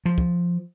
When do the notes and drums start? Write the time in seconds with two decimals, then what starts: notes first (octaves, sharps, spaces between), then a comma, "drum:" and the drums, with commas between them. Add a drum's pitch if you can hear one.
0.06 F3
0.18 drum: kick